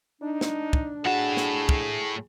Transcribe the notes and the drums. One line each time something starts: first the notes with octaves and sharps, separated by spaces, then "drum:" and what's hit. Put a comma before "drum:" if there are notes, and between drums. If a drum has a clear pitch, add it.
D4 D#4
drum: snare
drum: kick
A2 F#4 G#4 A5
drum: snare
drum: kick